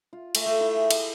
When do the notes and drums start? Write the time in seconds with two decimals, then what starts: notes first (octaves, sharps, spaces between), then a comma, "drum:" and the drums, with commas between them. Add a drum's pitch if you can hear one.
0.13 F4
0.35 A3, drum: cymbal
0.46 A3
0.60 E4
0.76 G#4
0.91 G4, drum: cymbal